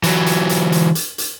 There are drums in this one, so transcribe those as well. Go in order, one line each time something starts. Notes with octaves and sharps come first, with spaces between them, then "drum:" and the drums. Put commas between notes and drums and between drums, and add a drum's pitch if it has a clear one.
E3 F#3, drum: hi-hat
drum: hi-hat
drum: hi-hat
drum: hi-hat
drum: hi-hat
drum: hi-hat